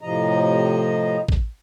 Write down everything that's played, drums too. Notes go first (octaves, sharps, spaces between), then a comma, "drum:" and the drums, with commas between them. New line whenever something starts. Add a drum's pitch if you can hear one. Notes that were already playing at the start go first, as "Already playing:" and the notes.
A2 C3 F3 D#5 A#5
drum: kick